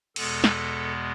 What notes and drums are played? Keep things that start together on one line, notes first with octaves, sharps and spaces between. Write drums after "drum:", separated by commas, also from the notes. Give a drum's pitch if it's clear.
E2 B2 G#3 B3 A4, drum: cymbal
drum: snare